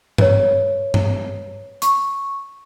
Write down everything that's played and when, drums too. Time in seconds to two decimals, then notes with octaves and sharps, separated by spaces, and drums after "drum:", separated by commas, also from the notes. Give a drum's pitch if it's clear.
0.18 B4 C#5, drum: tom G2
0.94 drum: tom G2
1.82 C#6, drum: hi-hat